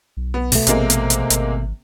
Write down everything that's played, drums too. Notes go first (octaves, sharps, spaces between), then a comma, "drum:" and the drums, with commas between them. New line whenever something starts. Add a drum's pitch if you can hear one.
B1
B3
B2 A3, drum: open hi-hat
A1 C3 G#3 A#3, drum: hi-hat
drum: hi-hat
drum: hi-hat
G#1, drum: hi-hat